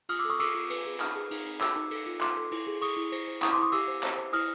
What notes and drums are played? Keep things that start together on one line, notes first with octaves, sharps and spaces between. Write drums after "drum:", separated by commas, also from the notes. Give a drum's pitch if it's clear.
F4 D#6 F6, drum: cymbal
D6 E6
A4 C#6 D#6
A4 D6 E6, drum: cymbal
F4
B4, drum: cymbal
G#4
D#4 D#6 F6, drum: clap
G#4
D#4, drum: cymbal
D#4
F#4 D6 E6, drum: clap
D#4
A4, drum: cymbal
F4
F4 C6 D6, drum: clap
A4
E4, drum: cymbal
G#4
G#4 C#6 D#6, drum: cymbal
E4
C5, drum: cymbal
C5
E4 C#6 D#6, drum: clap
C6 D6
E4 C#6 D#6
G4 D6 E6, drum: cymbal
C5
C5, drum: clap
C5
E4 D#6 F6, drum: cymbal